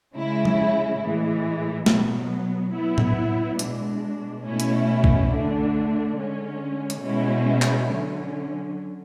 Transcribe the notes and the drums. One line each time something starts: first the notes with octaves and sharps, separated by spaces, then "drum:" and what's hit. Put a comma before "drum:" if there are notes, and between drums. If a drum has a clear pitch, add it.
C#3 G#3 C#4 E4
drum: tom F3
A2 E3 G#3
B2 F#3 B3, drum: snare
F#3 B3 E4
drum: tom A2
B2 G#3 D4, drum: hi-hat
B2 A3 C#4 E4
drum: hi-hat
drum: kick A#1
D3 A3 D4
D3 G#3 C#4
drum: hi-hat
B2 G#3 C#4 E4
drum: clap
D3 F#3 C#4